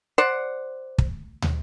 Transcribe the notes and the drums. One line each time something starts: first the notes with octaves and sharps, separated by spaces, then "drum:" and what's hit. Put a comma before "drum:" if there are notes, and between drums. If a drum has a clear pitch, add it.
C5 D5 F#5
drum: kick
drum: tom